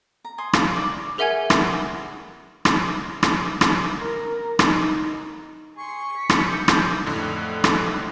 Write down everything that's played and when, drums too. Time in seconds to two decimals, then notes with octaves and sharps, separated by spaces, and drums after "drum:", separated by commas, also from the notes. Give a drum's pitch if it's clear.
0.25 A#5
0.38 G#5 C6 D#6
0.53 F5, drum: rim click
0.76 D5 C#6 D6
1.18 G#4 A#4 E5 F#5 G#5 G#6
1.50 drum: rim click
2.65 drum: rim click
3.23 drum: rim click
3.61 drum: rim click
3.99 A#4
4.59 D#4, drum: rim click
5.77 G#4 C6 C#6
6.14 B6 C#7
6.30 drum: rim click
6.47 G6
6.68 drum: rim click
7.06 F2 A2 D3
7.64 drum: rim click